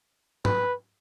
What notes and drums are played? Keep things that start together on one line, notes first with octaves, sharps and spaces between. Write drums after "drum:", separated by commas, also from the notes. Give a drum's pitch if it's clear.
B4, drum: tom G#2